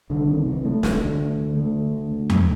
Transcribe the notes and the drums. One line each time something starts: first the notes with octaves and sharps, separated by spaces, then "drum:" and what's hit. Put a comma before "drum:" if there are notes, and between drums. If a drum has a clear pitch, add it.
C2 D3
C3 D#3
C3 E3
C3 A3
D2, drum: snare
D3
D2
D3
D3 A3
D2
D2
D2
F2, drum: tom E2